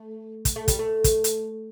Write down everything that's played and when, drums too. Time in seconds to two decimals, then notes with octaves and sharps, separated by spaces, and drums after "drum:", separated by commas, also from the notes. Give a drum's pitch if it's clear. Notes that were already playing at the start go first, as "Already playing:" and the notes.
Already playing: A3
0.45 drum: kick, hi-hat
0.56 A3
0.68 G3, drum: kick, hi-hat
0.79 A3
1.04 drum: kick, hi-hat
1.24 drum: hi-hat